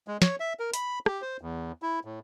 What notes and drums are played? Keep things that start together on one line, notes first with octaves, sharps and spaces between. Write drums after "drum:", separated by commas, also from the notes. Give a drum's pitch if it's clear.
G#3
C#5, drum: snare
E5
A#4
B5, drum: hi-hat
G4, drum: rim click
C5
E2
E4
A2